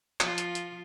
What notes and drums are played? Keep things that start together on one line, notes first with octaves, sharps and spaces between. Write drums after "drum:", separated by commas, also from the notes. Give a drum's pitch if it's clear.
F3 F4, drum: clap
drum: hi-hat
drum: hi-hat